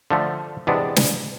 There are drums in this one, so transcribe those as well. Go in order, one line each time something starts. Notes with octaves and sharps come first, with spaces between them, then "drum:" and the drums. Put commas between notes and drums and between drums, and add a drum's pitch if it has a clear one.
D3 F3 A3
E2 C3 G#3 B3 D4
drum: snare